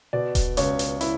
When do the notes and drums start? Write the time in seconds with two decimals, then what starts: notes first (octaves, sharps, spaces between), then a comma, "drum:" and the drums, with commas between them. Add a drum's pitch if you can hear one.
0.13 B2 D5
0.35 drum: kick D#1, hi-hat
0.57 C#2 C#5, drum: hi-hat
0.79 drum: hi-hat
1.01 E4, drum: hi-hat